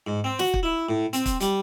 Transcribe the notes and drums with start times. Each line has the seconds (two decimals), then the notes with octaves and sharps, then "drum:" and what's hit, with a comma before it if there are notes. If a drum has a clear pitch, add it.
0.07 G#2
0.24 C4
0.39 F#4, drum: snare
0.54 drum: kick
0.63 E4
0.89 A2
1.13 C4, drum: hi-hat
1.26 drum: kick, hi-hat
1.40 G3, drum: hi-hat